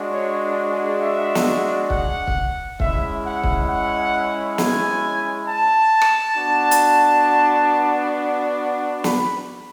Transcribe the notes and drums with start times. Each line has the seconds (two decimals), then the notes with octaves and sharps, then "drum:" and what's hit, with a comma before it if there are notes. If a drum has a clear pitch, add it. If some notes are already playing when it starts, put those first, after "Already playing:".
Already playing: G#3 D4 F#4
0.12 C#5
0.71 G#4
1.01 E5
1.35 drum: snare
1.90 F#5, drum: kick C#1
2.27 drum: kick C#1
2.80 G#3 C#4 E4 E5, drum: kick C#1
3.24 F#5
3.44 drum: kick C#1
3.69 F#5
4.58 G#5, drum: snare
5.47 A5
6.02 drum: rim click
6.36 B3 D4 F#4
6.71 drum: hi-hat
9.04 B5, drum: snare